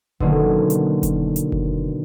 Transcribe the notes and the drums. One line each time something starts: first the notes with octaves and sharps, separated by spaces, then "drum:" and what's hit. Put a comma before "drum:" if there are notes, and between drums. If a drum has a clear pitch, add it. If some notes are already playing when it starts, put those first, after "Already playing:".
B2 D3 D#3 F#3 A#3 C#4, drum: kick F#1
drum: hi-hat
drum: kick F#1, hi-hat
drum: hi-hat
drum: kick F#1